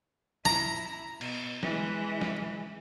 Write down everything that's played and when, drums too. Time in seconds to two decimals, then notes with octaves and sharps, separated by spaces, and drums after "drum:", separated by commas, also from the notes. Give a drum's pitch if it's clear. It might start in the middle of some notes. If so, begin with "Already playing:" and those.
0.45 E4 A#5, drum: snare
1.21 B2, drum: cymbal
1.63 E3 G#3, drum: snare
2.21 drum: snare